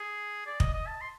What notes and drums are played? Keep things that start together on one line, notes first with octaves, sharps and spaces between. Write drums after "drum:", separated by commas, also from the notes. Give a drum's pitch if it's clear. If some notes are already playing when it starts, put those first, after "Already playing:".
Already playing: G#4
D5
D#5, drum: kick
D#5
A5
C6